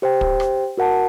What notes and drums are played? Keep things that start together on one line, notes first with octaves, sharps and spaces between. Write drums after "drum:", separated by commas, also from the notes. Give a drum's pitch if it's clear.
G4 C5 G5
drum: kick
drum: rim click
F#4 A#4 F#5 A5